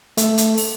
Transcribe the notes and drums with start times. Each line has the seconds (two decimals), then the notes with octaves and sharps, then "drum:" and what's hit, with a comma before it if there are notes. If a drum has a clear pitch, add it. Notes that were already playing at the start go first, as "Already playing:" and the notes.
0.17 A3, drum: hi-hat
0.38 drum: hi-hat
0.58 drum: open hi-hat